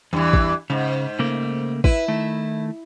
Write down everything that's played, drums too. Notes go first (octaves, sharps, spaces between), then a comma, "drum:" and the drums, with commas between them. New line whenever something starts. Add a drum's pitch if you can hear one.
E2 G2 E3
drum: kick
G#2 C#3
C#3 A3 A#3
E4 B4, drum: kick
D#3 A3